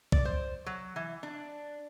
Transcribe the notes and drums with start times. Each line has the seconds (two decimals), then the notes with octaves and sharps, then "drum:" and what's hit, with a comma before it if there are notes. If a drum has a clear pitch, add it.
0.12 D5, drum: kick B1
0.25 C5
0.66 F#3
0.96 E3
1.23 D4